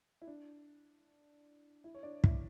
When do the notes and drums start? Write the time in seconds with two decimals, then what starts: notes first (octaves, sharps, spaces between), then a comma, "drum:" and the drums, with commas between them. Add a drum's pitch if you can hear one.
0.22 E4
0.27 D4
1.84 E4
1.95 C#5
2.03 D4 D5
2.24 E4, drum: kick